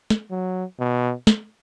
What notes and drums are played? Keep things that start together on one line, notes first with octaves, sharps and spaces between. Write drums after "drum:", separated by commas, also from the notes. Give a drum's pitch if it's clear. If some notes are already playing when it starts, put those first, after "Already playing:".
drum: snare
F#3
B2
drum: snare